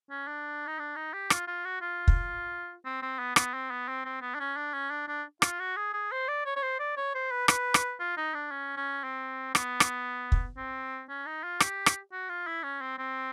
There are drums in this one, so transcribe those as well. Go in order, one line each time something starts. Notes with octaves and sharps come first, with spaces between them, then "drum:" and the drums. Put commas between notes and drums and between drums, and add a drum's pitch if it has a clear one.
C#4
D4
D#4
D4
D#4
G4
F4, drum: rim click
F4
F#4
F4
drum: kick
C4
C4
B3
B3, drum: rim click
C4
B3
C4
C4
B3
D4
C#4
D4
C#4
D4
D4
F4, drum: rim click
F#4
G#4
G#4
C5
D5
C#5
C#5
C5
D5
C#5
C5
B4
B4, drum: rim click
drum: rim click
F4
D#4
D4
C#4
C#4
C4
B3, drum: rim click
drum: rim click
drum: kick
C4
C#4
D#4
F4
G4, drum: rim click
drum: rim click
F#4
F4
E4
C#4
C4
C4